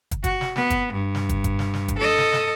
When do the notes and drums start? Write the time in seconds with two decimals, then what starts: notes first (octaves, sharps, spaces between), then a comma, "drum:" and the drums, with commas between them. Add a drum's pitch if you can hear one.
0.11 drum: kick, hi-hat
0.24 F#4, drum: kick, hi-hat
0.41 drum: snare
0.56 B3, drum: snare
0.70 drum: kick, hi-hat
0.93 G2
1.15 drum: snare
1.29 drum: kick, hi-hat
1.44 drum: kick, hi-hat
1.59 drum: snare
1.74 drum: snare
1.88 drum: kick, hi-hat
1.98 A4 D#5
2.18 drum: snare
2.33 drum: snare